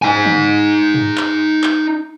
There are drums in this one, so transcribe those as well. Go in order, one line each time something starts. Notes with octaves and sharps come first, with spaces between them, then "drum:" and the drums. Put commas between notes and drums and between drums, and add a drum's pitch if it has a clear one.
D#4 G#5
drum: tom
drum: tom
drum: clap
drum: clap